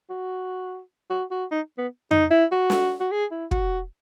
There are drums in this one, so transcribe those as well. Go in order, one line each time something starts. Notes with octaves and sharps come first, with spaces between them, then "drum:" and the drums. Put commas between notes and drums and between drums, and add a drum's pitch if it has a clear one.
F#4
F#4
F#4
D#4
B3
D#4, drum: tom F2
E4
F#4
drum: snare
F#4
G#4
E4
F#4, drum: kick